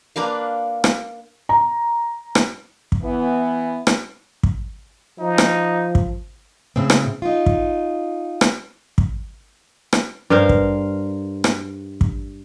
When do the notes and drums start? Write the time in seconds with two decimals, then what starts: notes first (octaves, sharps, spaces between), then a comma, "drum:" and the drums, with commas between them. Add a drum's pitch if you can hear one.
0.16 A#3 D4 B4 F5
0.84 drum: rim click
1.49 A#5
2.35 drum: rim click
2.92 drum: kick
3.03 E3 B3
3.87 drum: rim click
4.43 drum: kick
5.19 F3 D#4
5.38 drum: rim click
5.95 drum: kick
6.76 A2 C#3 C4
6.90 drum: rim click
7.22 D#4 F4
7.46 drum: kick
8.41 drum: rim click
8.98 drum: kick
9.92 drum: rim click
10.30 G2 A#4 C5 F5
10.49 drum: kick
11.44 drum: rim click
12.01 drum: kick